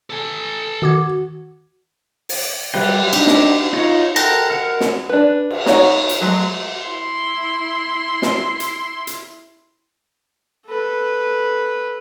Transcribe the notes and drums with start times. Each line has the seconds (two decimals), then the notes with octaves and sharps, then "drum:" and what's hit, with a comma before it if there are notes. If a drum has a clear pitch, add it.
0.10 A4 G#5
0.82 D#3 F#4 D6 G#6
2.29 drum: open hi-hat
2.74 G3 B4 G5, drum: cymbal
3.13 D4 D#4 G4, drum: cymbal
3.27 drum: snare
3.73 D#4 F4 C#5
4.16 A4 A#4 F#5 G5 A#5, drum: cymbal
4.50 A#4 F#5 F6
4.81 drum: snare
5.09 D4 B4
5.50 drum: cymbal
5.66 D#4 F#4 C#5 D#5 F#5, drum: snare
6.09 drum: hi-hat
6.21 F#3 G#3 A3
6.85 E4 C6
8.22 drum: snare
8.60 drum: hi-hat
9.07 drum: hi-hat
10.66 A4 B4